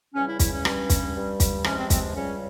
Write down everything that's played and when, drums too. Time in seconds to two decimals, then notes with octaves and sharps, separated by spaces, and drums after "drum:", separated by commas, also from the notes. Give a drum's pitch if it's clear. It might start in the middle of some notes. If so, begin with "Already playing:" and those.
0.14 E2 C#3 G3 C#4
0.27 E4
0.39 E4, drum: kick, hi-hat
0.52 C#4
0.65 G2 G3, drum: rim click
0.90 drum: kick, hi-hat
1.15 G2 G3
1.40 drum: kick, hi-hat
1.64 E2 C3 F3 G#3 C#4, drum: rim click
1.78 C4
1.90 C4, drum: kick, hi-hat
2.15 C#2 C#3 G3 C#4